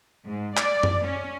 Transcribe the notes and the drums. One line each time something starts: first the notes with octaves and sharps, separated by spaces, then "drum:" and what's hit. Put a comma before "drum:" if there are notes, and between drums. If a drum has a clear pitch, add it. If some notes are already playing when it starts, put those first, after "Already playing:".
G#2
D5, drum: clap
drum: tom F#2
C#4